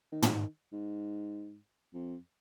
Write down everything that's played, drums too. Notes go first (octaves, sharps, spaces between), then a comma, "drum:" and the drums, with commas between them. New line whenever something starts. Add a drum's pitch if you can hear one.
D#3
F3, drum: tom
D#3
G#2
F2